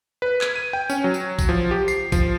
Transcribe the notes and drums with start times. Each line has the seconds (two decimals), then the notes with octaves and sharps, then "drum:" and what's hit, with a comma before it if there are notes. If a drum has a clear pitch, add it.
0.22 B4
0.41 G#6, drum: clap
0.56 D#7
0.73 G5
0.90 C#4, drum: tambourine
1.04 F#3
1.14 drum: tambourine
1.39 drum: kick A1, tambourine
1.49 F3
1.71 G4
1.88 C7, drum: tambourine
2.12 F3, drum: kick A1, tambourine